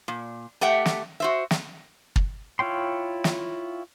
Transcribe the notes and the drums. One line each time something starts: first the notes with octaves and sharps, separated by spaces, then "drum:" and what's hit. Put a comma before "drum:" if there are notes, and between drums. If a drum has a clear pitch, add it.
A#2
A3 G4 E5 F#5 G5
drum: snare
F#4 C5 E5
drum: snare
drum: kick
E4 F4 C#5 G5 C6
drum: snare